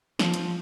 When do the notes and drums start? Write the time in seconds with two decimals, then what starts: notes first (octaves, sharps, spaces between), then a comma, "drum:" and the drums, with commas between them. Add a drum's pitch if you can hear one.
0.19 F3, drum: snare
0.34 drum: hi-hat